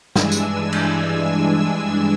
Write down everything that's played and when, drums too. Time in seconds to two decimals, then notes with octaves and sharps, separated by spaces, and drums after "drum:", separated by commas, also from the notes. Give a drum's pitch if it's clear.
0.16 G2 E3 G#3 D4 G#5 E6, drum: snare
0.32 drum: tambourine
0.73 drum: cymbal